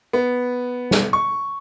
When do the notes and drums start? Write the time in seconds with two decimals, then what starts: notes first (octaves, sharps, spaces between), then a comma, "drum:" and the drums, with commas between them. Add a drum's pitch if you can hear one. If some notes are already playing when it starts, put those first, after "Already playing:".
0.13 B3
0.91 drum: snare
1.13 C#6